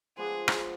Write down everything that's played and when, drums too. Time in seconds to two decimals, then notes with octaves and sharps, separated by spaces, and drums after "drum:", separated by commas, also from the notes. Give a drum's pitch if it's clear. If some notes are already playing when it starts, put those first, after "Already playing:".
0.17 F3 G#3 B3 D4 G#4
0.48 drum: rim click